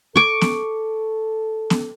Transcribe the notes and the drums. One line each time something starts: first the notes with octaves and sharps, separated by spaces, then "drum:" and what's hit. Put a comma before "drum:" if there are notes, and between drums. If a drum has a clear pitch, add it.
A4 C#6 D6
drum: snare B3
drum: snare B3